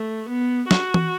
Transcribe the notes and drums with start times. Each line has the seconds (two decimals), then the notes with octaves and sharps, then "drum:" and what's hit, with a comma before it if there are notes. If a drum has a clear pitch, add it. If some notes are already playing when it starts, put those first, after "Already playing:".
Already playing: A3
0.30 B3
0.71 F#4, drum: snare
0.94 drum: tom E3